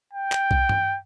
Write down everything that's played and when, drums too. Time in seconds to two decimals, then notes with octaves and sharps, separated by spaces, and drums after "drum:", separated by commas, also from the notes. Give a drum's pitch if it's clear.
0.13 G5
0.32 drum: clap
0.51 drum: kick B1
0.69 drum: tom G2